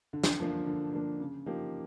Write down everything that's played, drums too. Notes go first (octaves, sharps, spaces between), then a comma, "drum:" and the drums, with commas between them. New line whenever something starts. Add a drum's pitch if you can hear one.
D3
drum: snare
F3 A#3 D4
D3
F3 A#3 D4
C#3
F3 A#3 D#4 G4